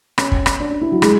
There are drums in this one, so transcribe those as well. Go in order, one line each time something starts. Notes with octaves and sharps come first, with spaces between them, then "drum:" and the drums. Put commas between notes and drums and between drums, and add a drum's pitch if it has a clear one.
C#4, drum: rim click
drum: kick
drum: rim click
D4
D4
E4
F#3
G#3, drum: rim click